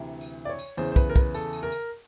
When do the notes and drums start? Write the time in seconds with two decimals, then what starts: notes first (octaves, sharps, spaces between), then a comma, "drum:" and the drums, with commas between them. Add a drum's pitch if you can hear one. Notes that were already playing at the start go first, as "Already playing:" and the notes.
Already playing: D2 C3 E3
0.21 drum: tambourine
0.45 D5
0.49 C#5
0.59 drum: tambourine
0.77 E2 C#3 E3 C5, drum: tambourine
0.92 C5
0.96 B4, drum: kick, tambourine
1.10 A#4
1.16 B4, drum: kick, tambourine
1.34 A4, drum: tambourine
1.53 drum: tambourine
1.63 A#4
1.72 drum: tambourine